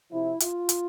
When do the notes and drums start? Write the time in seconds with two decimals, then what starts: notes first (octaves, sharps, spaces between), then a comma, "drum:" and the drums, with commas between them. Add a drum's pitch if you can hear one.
0.11 C3 F3 E4
0.40 F4, drum: hi-hat
0.69 drum: hi-hat